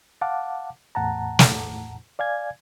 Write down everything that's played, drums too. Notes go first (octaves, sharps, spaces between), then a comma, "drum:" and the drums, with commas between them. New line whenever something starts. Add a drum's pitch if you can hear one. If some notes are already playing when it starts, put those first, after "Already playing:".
F5 F#5 A5 D6
E2 A2 F#5 A5 A#5
drum: snare
D5 F5 G#5 G#6